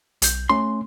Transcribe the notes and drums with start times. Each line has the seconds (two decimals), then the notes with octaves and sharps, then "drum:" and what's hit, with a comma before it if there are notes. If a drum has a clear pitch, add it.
0.22 B1 G6, drum: hi-hat
0.49 A3 C#4 C6